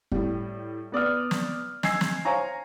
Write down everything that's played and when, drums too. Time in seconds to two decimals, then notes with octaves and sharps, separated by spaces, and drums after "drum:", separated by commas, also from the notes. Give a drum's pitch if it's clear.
0.12 A2 G3, drum: kick
0.92 B3 D5 D#6 F6
1.31 drum: snare
1.83 D#5 G#5 E6 G#6 C7, drum: snare
2.01 drum: snare
2.25 C5 C#5 F5 G#5 A#5 C#6